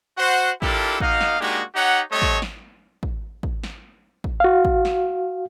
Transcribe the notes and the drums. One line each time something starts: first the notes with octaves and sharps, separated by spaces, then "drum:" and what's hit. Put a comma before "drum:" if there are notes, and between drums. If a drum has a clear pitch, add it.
F#4 C5 F#5
D4 E4 F4 G4 A4 A#4, drum: kick
A#3 D#4 F#4 D#5 F5, drum: kick
drum: snare
G#3 A#3 D4 D#4 F#4 G4
D#4 G4 C#5 F#5
G3 A3 C4 A4 C#5 D#5
drum: kick
drum: snare
drum: kick
drum: kick
drum: snare
drum: kick
F#4 F5
drum: kick
drum: snare